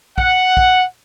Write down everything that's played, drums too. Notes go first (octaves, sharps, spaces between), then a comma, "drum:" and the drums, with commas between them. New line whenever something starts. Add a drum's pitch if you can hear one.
F#5, drum: kick
drum: kick